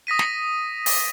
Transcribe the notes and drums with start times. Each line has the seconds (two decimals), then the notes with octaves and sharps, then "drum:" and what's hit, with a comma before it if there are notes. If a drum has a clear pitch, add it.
0.07 D#6 A#6 B6 D#7
0.19 drum: snare
0.86 drum: open hi-hat